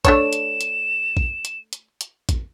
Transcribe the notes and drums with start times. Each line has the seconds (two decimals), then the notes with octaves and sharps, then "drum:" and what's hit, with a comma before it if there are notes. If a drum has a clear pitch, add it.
0.05 A3 D4 C#5 E7, drum: kick A1, hi-hat
0.33 drum: hi-hat
0.61 drum: hi-hat
1.17 drum: kick A1
1.45 drum: hi-hat
1.73 drum: hi-hat
2.01 drum: hi-hat
2.29 drum: kick A1, hi-hat